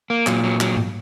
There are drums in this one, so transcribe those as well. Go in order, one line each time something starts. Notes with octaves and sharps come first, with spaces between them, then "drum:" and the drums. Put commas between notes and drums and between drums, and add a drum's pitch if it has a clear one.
A#3
A#2 F#3, drum: clap
F#3
F#3, drum: clap
drum: tom G#2